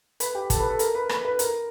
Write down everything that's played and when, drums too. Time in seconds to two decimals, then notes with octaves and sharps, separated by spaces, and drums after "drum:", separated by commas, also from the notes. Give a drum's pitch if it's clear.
0.20 B4 B5, drum: hi-hat
0.35 G4 G5
0.50 A4 A5, drum: kick, hi-hat
0.60 B4 B5
0.69 A4 A5
0.79 A#4 A#5, drum: hi-hat
0.94 B4 B5
1.09 B4 B5, drum: rim click
1.25 B4 B5
1.39 A#4 A#5, drum: hi-hat